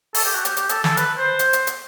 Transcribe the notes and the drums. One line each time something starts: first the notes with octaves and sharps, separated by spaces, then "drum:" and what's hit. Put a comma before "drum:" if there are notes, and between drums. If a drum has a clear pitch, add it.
A4, drum: open hi-hat
G4
F#4
G4, drum: hi-hat
G4, drum: hi-hat
A4, drum: hi-hat
A4, drum: snare
B4, drum: hi-hat
C5
drum: hi-hat
drum: hi-hat
drum: hi-hat